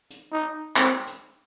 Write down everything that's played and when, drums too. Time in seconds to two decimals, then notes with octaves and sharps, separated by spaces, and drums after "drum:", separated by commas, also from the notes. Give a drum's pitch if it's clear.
0.10 drum: hi-hat
0.32 D#4
0.76 C4, drum: clap
1.07 drum: hi-hat